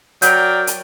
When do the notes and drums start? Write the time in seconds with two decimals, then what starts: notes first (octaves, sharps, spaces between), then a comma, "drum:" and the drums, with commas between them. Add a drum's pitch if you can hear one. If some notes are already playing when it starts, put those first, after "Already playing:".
0.22 F#3 A#4 D5 G5 G6, drum: hi-hat
0.67 drum: hi-hat